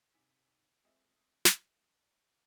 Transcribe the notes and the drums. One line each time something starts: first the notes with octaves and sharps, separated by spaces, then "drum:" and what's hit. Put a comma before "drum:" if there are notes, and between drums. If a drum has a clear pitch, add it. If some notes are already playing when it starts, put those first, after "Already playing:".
G#2 C3 G#5 B6
G#3 A3 C4 F4 D#5 E5
drum: snare